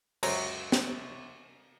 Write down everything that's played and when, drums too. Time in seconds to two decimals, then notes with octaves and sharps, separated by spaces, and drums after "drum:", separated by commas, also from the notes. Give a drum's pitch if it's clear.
0.23 C#2 F#2 C5 C#5 A#5, drum: cymbal
0.72 drum: snare